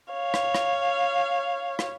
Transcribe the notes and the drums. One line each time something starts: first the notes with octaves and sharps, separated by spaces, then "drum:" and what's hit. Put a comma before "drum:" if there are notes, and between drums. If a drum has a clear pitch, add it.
C#5 F5
drum: rim click
drum: rim click
drum: rim click